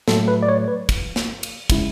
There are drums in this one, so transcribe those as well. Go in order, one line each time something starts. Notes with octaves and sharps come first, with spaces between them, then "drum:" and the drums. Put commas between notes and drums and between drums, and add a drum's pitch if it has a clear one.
A2 F#3 A3 A4, drum: snare
B4
D5
C#5
B4
drum: kick, cymbal
drum: snare
drum: cymbal
C#3 G#3 C#4 E4, drum: kick, cymbal